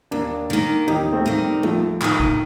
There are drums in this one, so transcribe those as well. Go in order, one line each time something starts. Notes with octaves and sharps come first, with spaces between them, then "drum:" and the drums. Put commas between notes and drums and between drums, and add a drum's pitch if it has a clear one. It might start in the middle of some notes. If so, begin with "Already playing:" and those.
D#2 A#3 D4
D#3 A#3
D#2 D#4 G4
A3 C4
D#3 A#3
G3
D#2 F3 A3
D#3 A#3, drum: clap
drum: kick